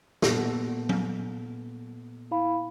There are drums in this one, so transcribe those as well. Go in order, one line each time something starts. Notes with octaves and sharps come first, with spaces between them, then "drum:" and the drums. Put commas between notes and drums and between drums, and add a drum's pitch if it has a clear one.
A#2 B3 A4, drum: snare
drum: tom F#3
E4 F5 B5